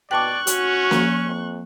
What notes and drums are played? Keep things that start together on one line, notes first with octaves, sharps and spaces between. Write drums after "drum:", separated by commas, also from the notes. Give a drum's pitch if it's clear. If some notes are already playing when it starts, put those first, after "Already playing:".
B2 D5 G5 A5 C#6 D6 F#6
C#4 F#4, drum: hi-hat
F3 A#3, drum: snare C#4
F2